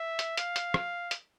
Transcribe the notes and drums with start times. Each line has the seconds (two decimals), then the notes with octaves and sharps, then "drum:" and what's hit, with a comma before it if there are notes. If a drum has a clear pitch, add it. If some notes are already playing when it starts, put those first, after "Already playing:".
Already playing: E5
0.19 drum: hi-hat
0.37 F5, drum: hi-hat
0.56 drum: hi-hat
0.74 drum: rim click
1.11 drum: hi-hat